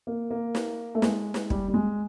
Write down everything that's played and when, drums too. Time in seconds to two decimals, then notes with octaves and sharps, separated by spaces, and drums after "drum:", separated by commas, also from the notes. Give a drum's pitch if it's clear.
0.07 A#3
0.30 A#3
0.55 drum: snare
0.95 A3
1.02 G#3, drum: snare
1.34 drum: snare
1.50 G3, drum: kick
1.68 G3
1.74 G#3